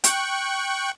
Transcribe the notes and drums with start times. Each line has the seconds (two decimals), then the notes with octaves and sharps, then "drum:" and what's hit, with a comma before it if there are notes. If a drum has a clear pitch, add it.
0.04 G5 C#6 F#6, drum: hi-hat